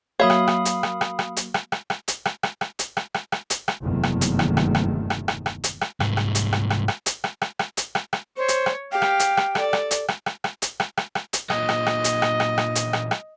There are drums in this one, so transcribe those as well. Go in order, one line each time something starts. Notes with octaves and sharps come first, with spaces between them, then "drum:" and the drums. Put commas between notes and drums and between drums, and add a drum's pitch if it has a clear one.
F#3 A#3 F#4 C#5 E5 F5 B5 D#6
drum: rim click
drum: rim click
drum: hi-hat
drum: rim click
drum: rim click
drum: rim click
drum: hi-hat
drum: rim click
drum: rim click
drum: rim click
drum: hi-hat
drum: rim click
drum: rim click
drum: rim click
drum: hi-hat
drum: rim click
drum: rim click
drum: rim click
drum: hi-hat
drum: rim click
F#1 E2 G2 C3 D#3 A3
drum: rim click
drum: hi-hat
drum: rim click
drum: rim click
drum: rim click
drum: rim click
drum: rim click
drum: rim click
drum: hi-hat
drum: rim click
C2 G#2, drum: rim click
drum: rim click
drum: hi-hat
drum: rim click
drum: rim click
drum: rim click
drum: hi-hat
drum: rim click
drum: rim click
drum: rim click
drum: hi-hat
drum: rim click
drum: rim click
C5 C#5
drum: hi-hat
drum: rim click
G4 F5 G5
drum: rim click
drum: hi-hat
drum: rim click
A4 D5, drum: rim click
drum: rim click
drum: hi-hat
drum: rim click
drum: rim click
drum: rim click
drum: hi-hat
drum: rim click
drum: rim click
drum: rim click
drum: hi-hat
A#2 F#3 D#5, drum: rim click
drum: rim click
drum: rim click
drum: hi-hat
drum: rim click
drum: rim click
drum: rim click
drum: hi-hat
drum: rim click
drum: rim click